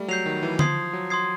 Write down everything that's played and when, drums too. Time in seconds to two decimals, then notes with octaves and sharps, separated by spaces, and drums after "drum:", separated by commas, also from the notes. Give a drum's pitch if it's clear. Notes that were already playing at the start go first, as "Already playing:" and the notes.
Already playing: G3 A3
0.08 F#3 G6 C7 F7
0.26 D#3
0.43 E3
0.59 F3 C6 D#6 G#6 C7, drum: tom D3
0.93 F#3
1.10 C6 D#6 G#6 C7